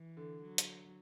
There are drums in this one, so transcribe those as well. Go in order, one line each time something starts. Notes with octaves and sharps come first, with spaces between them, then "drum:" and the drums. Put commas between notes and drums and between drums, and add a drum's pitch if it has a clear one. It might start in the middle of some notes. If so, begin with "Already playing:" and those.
Already playing: E3
D3
F#3
drum: hi-hat